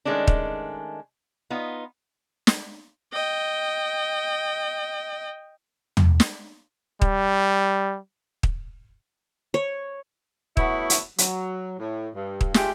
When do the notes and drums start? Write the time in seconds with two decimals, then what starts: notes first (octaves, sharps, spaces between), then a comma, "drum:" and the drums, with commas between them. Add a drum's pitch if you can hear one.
0.05 D#3 G#3 A3 C#4 D4
0.27 drum: kick
1.50 B3 D#4 F4
2.47 drum: snare
3.13 D#5 G5
5.97 drum: tom
6.20 drum: snare
7.02 G3, drum: kick
8.43 drum: kick
9.54 C#5
10.57 A3 B3 E4 F#4 C#5, drum: kick
10.90 drum: hi-hat
11.18 F#3, drum: hi-hat
11.79 A2
12.15 G2
12.41 drum: kick
12.54 G#3 A3 F4 G4, drum: snare